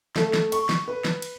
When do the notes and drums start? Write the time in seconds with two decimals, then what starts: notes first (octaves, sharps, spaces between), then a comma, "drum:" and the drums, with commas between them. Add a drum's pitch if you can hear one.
0.16 A3, drum: snare
0.34 drum: snare
0.52 C#6, drum: cymbal
0.69 drum: snare
0.88 B4
1.05 drum: snare
1.22 drum: cymbal